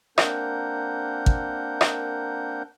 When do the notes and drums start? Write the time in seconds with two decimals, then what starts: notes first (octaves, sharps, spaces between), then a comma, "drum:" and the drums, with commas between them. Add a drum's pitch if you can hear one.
0.18 A#3 C4 D4 A#4 F#5 G6, drum: rim click
1.26 drum: kick
1.81 drum: rim click